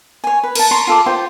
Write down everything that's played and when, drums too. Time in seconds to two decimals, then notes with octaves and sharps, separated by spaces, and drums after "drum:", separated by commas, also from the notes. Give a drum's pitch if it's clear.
0.24 C#5 G#5
0.43 B4
0.55 A#4 A5, drum: cymbal
0.71 A#5 C6 C#6
0.87 F4 A4 D6
1.06 F4 G4 C5